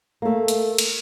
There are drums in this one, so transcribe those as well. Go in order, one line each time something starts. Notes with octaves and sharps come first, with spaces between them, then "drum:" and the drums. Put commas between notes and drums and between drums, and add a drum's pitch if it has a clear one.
A3 A#3
drum: hi-hat
drum: cymbal